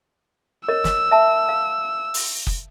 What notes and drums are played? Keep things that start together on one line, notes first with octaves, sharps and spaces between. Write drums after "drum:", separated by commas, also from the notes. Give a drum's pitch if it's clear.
A#4 C#5 D#5 E6
drum: snare
E5 A5
F5
drum: open hi-hat
drum: kick